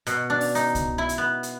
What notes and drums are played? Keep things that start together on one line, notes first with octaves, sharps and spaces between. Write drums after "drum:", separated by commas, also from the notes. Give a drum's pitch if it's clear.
B2, drum: hi-hat
D4
drum: open hi-hat
D#4, drum: hi-hat
drum: kick C2, hi-hat
E4
drum: hi-hat
B3
drum: hi-hat